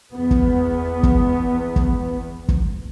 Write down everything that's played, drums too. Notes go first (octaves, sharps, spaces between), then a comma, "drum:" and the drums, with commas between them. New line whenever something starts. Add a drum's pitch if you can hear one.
E2 B3
drum: kick
drum: kick
drum: kick
drum: kick